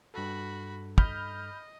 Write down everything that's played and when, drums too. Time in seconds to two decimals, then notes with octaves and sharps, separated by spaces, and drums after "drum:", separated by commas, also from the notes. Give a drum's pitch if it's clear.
0.14 G2 F#4 A4 B5
0.98 D#5 B5 F6 G6, drum: kick